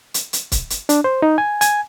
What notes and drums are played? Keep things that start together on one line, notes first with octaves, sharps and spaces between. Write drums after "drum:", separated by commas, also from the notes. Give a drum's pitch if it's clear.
drum: hi-hat
drum: hi-hat
drum: kick C#1, hi-hat
drum: hi-hat
D4, drum: hi-hat
C5
D#4
G#5
G#5, drum: hi-hat